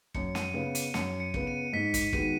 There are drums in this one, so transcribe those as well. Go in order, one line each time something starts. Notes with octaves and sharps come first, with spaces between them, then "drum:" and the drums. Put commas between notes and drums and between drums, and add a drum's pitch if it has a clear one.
F#2 C#7, drum: kick
D#7, drum: snare
C#3 B3
D#7, drum: hi-hat
F#2 C#7, drum: snare
C#7
C#3 B3, drum: kick
D#7
G#2 B6
B6, drum: kick, hi-hat
D#3 G#3 B3 F#4 D#7, drum: kick